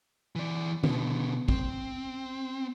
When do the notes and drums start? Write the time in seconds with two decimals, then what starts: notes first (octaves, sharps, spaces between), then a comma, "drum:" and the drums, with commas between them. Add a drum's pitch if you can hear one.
0.36 E3 D5
0.84 B2 D3, drum: tom D#3
1.49 C4, drum: kick